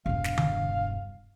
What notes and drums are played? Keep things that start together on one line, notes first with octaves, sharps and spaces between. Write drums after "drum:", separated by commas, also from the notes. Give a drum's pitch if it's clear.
E1 G2 F5
drum: snare
drum: tom D3